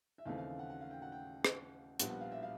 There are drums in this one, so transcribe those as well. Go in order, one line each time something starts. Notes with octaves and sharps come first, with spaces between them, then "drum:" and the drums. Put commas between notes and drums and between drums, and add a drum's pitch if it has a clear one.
E5
D#2 C#3 E3 A3 C4 F5
F5
F#5
F#5
F5
G5
F#5
G5
drum: rim click
A#1 A#2 G3 B3 F#5, drum: hi-hat
F#5
F5
E5
F5